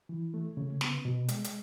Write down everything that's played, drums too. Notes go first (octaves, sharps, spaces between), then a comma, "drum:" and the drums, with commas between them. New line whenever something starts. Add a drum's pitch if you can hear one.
E3
A3
C#3
B3, drum: snare
B2
G#3, drum: hi-hat
drum: hi-hat